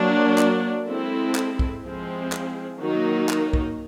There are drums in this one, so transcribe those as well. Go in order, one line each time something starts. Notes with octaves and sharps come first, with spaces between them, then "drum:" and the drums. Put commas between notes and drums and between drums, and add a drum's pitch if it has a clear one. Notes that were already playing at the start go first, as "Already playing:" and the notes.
Already playing: F#3 A#3 D4
drum: clap
G#3 C4 E4 A4
drum: clap
drum: kick B1
F3 G#3 C4 E4 G#4
drum: clap
D#3 F#3 A#3 D#4
drum: clap
drum: kick B1